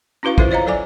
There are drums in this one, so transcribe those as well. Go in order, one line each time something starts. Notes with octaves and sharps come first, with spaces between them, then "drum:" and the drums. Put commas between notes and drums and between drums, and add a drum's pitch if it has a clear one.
C#4 E4 F#4 B4 F5 C#6
E4 F4 A4 C5 E5, drum: kick
C5 C#5 D#5 F5 A#5
F#3 A4 D5 G#5 D6